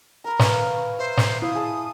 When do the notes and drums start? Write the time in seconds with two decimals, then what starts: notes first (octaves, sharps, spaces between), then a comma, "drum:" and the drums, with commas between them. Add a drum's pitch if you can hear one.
0.24 A#4 A#5 B5
0.39 B4 C#5 F5 G#5, drum: snare
0.99 C5 E5
1.17 drum: snare
1.42 E4 F5 D#6
1.55 G#4 A5